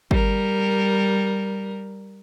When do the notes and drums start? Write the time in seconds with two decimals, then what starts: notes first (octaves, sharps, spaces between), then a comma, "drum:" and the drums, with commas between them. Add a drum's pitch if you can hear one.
0.11 G3 A#4, drum: kick